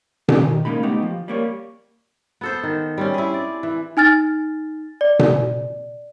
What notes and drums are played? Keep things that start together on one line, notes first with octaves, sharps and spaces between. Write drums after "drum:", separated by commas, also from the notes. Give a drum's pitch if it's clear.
F3 C#4 D4 G4, drum: tom B2
D#3
C#3 G#3 A#3 D#4 B5
A3 B3 D#4 G4
F3
G3 A#3 C#5
B3 A4 C5
D#3
G3 C4 C#4
E4 G#4
D5
E3
D#4 G#5 F6 A6
D5
drum: tom B2